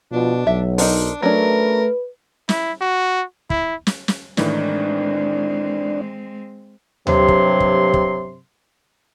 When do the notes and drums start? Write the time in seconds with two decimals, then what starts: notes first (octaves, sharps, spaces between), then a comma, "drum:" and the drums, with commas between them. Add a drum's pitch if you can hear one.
0.12 B2 F3 D4 F4
0.47 B1 F#3 E5
0.78 D4 D#4 A#4 C5, drum: open hi-hat
1.22 F#3 A3 C#4 D4 A#4 B4
2.49 E4, drum: snare
2.81 F#4
3.50 E4, drum: kick
3.87 drum: snare
4.08 drum: snare
4.37 A2 D#3 E3 G#3 C4 D4, drum: snare
7.07 G2 C3 F#3 C6, drum: tom D2
7.28 drum: kick
7.60 drum: kick
7.94 drum: kick